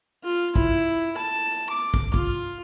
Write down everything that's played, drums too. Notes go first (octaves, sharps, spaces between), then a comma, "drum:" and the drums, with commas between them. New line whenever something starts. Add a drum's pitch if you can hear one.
F4
E4, drum: kick
A5
D6
drum: kick
F4, drum: kick